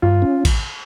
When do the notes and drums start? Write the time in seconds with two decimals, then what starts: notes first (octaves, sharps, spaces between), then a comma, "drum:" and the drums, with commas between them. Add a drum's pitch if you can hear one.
0.02 G2 F4
0.22 C#4
0.45 drum: kick, cymbal